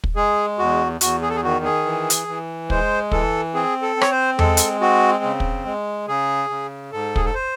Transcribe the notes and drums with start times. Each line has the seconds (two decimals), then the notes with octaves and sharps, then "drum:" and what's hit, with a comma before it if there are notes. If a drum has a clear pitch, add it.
0.04 drum: kick
0.16 G#3 G#4
0.59 E2 F#4
1.01 E2 F#4, drum: hi-hat
1.22 G#4
1.29 A4
1.36 G#4
1.43 D#3 F#4
1.65 G#4
1.85 E3
2.10 drum: hi-hat
2.28 E3
2.70 G#3 C5, drum: kick
3.11 E3 A4, drum: kick
3.54 C4 G#4
3.82 A4
3.96 C4
4.01 C#5, drum: rim click
4.11 C5
4.39 G#3 A4, drum: tom E2
4.57 drum: hi-hat
4.81 C4 F#4
5.24 C#3
5.40 drum: kick
5.65 G#3
6.08 C#3 G#4
6.50 C#3
6.92 G#2 A4
7.16 G#4, drum: kick
7.25 A4
7.34 C5